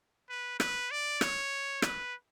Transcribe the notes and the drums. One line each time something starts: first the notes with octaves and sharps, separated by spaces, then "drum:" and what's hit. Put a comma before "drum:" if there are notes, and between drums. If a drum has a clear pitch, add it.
B4
B4, drum: rim click
D5
C#5, drum: rim click
B4, drum: rim click